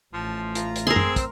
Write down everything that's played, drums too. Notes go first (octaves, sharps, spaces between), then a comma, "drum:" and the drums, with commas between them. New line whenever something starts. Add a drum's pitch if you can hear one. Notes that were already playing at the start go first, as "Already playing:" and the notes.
A1 F3 A3 A5 C6
F4 A#5, drum: hi-hat
drum: hi-hat
C4 G#4 A#4 C5 C6 E6
drum: tom F#2
drum: kick, hi-hat